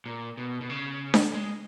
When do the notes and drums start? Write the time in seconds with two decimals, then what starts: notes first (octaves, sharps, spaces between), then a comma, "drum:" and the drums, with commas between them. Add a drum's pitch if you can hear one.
0.06 A#2
0.38 B2
0.61 B2
0.69 C#3
1.14 drum: snare D4
1.34 G#3